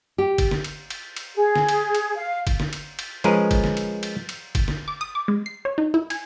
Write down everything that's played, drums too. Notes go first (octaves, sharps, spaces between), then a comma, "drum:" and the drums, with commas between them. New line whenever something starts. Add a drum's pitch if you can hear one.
G4
drum: kick F#1, cymbal
drum: snare
drum: cymbal
drum: cymbal
drum: cymbal
G#4
drum: snare
drum: cymbal
drum: cymbal
F5
drum: kick F#1, cymbal
drum: snare
drum: cymbal
drum: cymbal
F3 G#3 C#4 G#4 A#4 B4, drum: cymbal
drum: kick F#1, cymbal
drum: snare
drum: cymbal
drum: cymbal
drum: cymbal
drum: kick F#1, cymbal
drum: snare
D6
D#6
D6
G#3
C7
C#5
D#4
E4
G#5, drum: cymbal